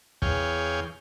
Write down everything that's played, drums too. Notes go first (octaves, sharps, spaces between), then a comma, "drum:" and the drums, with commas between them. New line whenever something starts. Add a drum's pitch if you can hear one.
E2 G#4 C#5 F5 G5, drum: kick